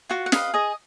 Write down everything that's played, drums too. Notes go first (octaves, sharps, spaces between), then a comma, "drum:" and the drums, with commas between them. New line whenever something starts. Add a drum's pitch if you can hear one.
F4 F#4 F#5
F#5
B4 D#5 F5, drum: snare
G#4 D#5